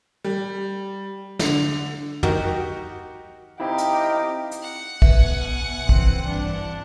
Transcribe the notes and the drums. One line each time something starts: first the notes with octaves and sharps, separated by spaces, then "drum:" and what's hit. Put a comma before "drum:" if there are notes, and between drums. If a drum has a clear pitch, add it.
G3
D3, drum: snare
D#4 F#4 G4 A#4, drum: tom
C4 D#4 E4 G4 D#5 F5 A#5
drum: hi-hat
drum: hi-hat
F#5
B2 B4 E5 G#5, drum: kick A#1
E3 C4, drum: kick A#1
G2 D4